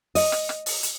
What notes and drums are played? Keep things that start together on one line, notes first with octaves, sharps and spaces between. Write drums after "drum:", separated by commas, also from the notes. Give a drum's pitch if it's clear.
D#5, drum: open hi-hat
drum: rim click
drum: rim click
drum: open hi-hat
drum: hi-hat